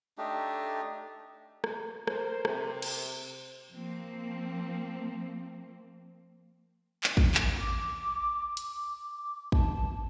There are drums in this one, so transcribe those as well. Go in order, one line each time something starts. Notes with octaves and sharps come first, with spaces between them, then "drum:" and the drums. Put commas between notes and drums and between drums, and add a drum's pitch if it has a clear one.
A3 D4 D#4 G4
drum: rim click
A#4 C5, drum: rim click
C3, drum: rim click
drum: cymbal
F3 A#3 C4
drum: clap
drum: kick
drum: clap
D6
D6, drum: hi-hat
A5, drum: kick